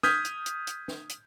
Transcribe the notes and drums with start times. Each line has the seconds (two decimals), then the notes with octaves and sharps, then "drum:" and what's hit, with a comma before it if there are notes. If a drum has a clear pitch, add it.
0.03 D#6 F6 G6 G#6 B6, drum: snare
0.25 drum: hi-hat
0.46 drum: hi-hat
0.67 drum: hi-hat
0.88 drum: snare
1.09 drum: hi-hat